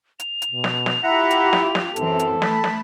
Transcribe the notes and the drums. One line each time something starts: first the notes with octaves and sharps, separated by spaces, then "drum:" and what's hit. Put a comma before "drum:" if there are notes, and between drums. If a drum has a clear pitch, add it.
F7, drum: hi-hat
drum: hi-hat
B2
drum: snare
drum: snare
E4 F4 G4 E5 F#5 A#5
drum: hi-hat
drum: snare
drum: snare
F#2 E3 C4 A4, drum: hi-hat
drum: hi-hat
A3 A5 B5, drum: snare
drum: snare